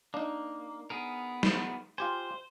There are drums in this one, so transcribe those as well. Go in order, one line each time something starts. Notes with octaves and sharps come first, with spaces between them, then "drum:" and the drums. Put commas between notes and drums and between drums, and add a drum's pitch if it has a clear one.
A#3 D4 D#4
B3 G#4 A#4
drum: snare
F4 G4 C5 G#5